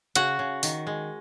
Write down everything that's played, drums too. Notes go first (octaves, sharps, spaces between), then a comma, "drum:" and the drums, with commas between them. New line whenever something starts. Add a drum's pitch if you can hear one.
C#3 F#4 F#5, drum: hi-hat
C#3
D#3, drum: open hi-hat
G#3